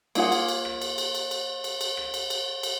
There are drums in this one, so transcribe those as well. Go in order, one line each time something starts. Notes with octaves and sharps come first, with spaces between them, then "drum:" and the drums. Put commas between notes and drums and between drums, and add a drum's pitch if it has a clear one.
A#3 D4 F4 G#4 F#5, drum: cymbal
drum: cymbal
drum: cymbal
drum: rim click
drum: cymbal
drum: cymbal
drum: cymbal
drum: cymbal
drum: cymbal
drum: cymbal
drum: rim click
drum: cymbal
drum: cymbal
drum: cymbal